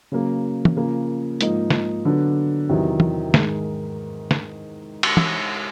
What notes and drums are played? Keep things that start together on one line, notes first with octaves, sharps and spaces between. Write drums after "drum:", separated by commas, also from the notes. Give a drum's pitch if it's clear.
C#3 F#3 A#3
drum: tom
C#3 F3 A#3
G#2 F3 A#3 D#4, drum: hi-hat
drum: snare
D3 F#3 B3 D4
E2 C3 D#3 F#3
drum: tom
G#2 D#3 G#3, drum: snare
drum: snare
drum: cymbal
drum: tom